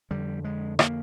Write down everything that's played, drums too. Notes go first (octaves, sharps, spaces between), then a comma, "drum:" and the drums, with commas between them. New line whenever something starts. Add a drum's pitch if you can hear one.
F2 D3 G3
G#3
A#3, drum: rim click